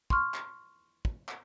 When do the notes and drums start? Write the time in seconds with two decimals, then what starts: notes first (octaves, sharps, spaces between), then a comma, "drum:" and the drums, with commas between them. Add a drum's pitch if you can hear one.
0.10 C6 C#6 F6, drum: kick
0.34 drum: clap
1.05 drum: kick
1.28 drum: clap